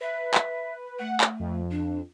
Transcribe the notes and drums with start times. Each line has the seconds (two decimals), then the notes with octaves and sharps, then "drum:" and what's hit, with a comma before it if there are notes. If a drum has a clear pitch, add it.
0.01 B4 E5
0.34 drum: clap
0.99 A3 F#5
1.21 drum: clap
1.39 F2
1.70 D4